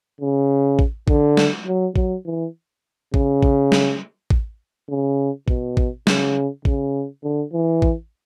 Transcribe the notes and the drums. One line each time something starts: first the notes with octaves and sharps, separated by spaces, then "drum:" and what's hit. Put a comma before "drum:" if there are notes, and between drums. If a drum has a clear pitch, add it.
C#3
drum: kick A1
D3, drum: kick A1
drum: snare
F#3
F#3, drum: kick A1
E3
C#3, drum: kick A1
drum: kick A1
drum: snare
drum: kick A1
C#3
B2, drum: kick A1
drum: kick A1
C#3, drum: snare
C#3, drum: kick A1
D3
E3
drum: kick A1